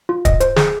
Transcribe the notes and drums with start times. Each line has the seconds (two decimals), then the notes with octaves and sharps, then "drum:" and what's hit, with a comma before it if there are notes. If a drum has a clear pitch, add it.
0.09 F4
0.25 D#5, drum: kick, hi-hat
0.40 C5, drum: hi-hat
0.56 G#4, drum: snare